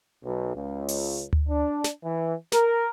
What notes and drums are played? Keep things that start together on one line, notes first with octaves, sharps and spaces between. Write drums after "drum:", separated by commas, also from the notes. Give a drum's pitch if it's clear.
B1
C#2
drum: open hi-hat
drum: tom D2
D4
drum: snare
E3
A#4, drum: snare